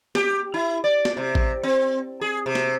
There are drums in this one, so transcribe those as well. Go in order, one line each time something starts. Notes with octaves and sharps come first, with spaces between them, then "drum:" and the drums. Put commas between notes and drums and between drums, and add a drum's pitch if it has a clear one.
G4, drum: snare
E4
D5
drum: snare
C3
drum: kick A1
C4
G#4
C3
drum: snare